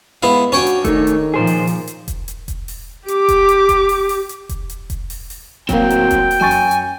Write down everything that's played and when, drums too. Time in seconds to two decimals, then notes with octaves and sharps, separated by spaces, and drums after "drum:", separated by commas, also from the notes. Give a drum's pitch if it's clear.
0.23 G#3 B3 E4 F5
0.52 C#4 D4 F#4 C#5 G5
0.67 drum: hi-hat
0.85 D#3 A3 D#4, drum: kick E1, hi-hat
1.07 drum: hi-hat
1.34 A#2 F3 G#4 C5
1.47 drum: open hi-hat
1.67 drum: open hi-hat
1.87 drum: hi-hat
2.08 drum: kick E1, hi-hat
2.28 drum: hi-hat
2.48 drum: kick E1, hi-hat
2.68 drum: open hi-hat
3.08 G4 D6, drum: hi-hat
3.29 drum: kick E1, hi-hat
3.49 drum: hi-hat
3.69 drum: kick E1, hi-hat
3.89 drum: open hi-hat
4.09 drum: open hi-hat
4.29 drum: hi-hat
4.49 drum: kick E1, hi-hat
4.70 drum: hi-hat
4.90 drum: kick E1, hi-hat
5.10 drum: open hi-hat
5.30 drum: open hi-hat
5.69 A2 F#3 A#3 C4 F#4 G5, drum: kick E1, hi-hat
5.90 drum: hi-hat
6.11 drum: kick E1, hi-hat
6.31 drum: open hi-hat
6.41 F#2 G#5 C#6 A6
6.51 drum: open hi-hat
6.71 drum: hi-hat